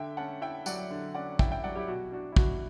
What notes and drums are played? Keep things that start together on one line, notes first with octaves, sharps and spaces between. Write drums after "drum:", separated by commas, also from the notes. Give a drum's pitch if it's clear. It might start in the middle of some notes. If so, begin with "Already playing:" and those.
Already playing: D3 E5 G5
C#4 F#5 A5
E4 E5 G5
F#3 D5 F#5, drum: tambourine
D3
C#4 D5 F#5
E4 E5 G5, drum: kick
E5 G5
F#3 D5 F#5
E4 G4
B2 F#4
D4 F#4
E4
B2 F#4, drum: kick